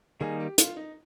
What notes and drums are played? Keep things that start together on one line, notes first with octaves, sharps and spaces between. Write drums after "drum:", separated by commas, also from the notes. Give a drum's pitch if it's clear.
D#3 G3 A#3 D#4 G#4
G4
F4, drum: hi-hat
D#4